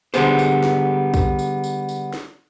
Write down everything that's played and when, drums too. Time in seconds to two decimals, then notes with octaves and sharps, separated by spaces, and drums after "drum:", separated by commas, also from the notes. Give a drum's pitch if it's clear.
0.14 D3 G3 G#3 B3 C5, drum: tambourine
0.39 drum: tambourine
0.64 drum: snare
1.14 drum: kick, tambourine
1.39 drum: tambourine
1.64 drum: tambourine
1.89 drum: tambourine
2.14 drum: snare